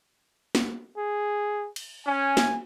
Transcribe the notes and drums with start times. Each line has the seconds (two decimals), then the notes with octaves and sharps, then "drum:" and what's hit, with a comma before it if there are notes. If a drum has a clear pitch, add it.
0.55 drum: snare
0.97 G#4
1.76 drum: cymbal
2.07 C#4 G#5
2.37 drum: snare